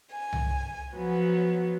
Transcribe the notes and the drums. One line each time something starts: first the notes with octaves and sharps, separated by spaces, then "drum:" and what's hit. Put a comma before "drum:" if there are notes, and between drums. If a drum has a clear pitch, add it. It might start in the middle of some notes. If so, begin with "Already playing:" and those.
G#5
drum: tom C2
F3 F#3 B3